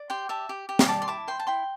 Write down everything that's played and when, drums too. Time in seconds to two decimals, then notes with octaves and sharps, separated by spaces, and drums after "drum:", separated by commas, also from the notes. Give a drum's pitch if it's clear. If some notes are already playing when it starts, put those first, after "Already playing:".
Already playing: D5
0.10 G4 G5 C6
0.29 G4 E5 A5
0.49 G4
0.69 G4
0.79 drum: snare
0.88 D5 A5 D6
1.02 C6
1.08 E4 A5 D6
1.27 C5 G5 C6
1.39 A5
1.47 E4 G5 C6